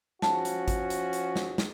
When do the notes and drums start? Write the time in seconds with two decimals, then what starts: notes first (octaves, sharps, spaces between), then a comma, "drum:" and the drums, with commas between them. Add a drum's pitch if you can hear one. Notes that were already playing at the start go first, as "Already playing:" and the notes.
0.22 F3 C#4 F#4 A5, drum: snare
0.45 drum: hi-hat
0.68 drum: kick G#1, hi-hat
0.90 drum: hi-hat
1.13 drum: hi-hat
1.36 drum: snare
1.58 drum: snare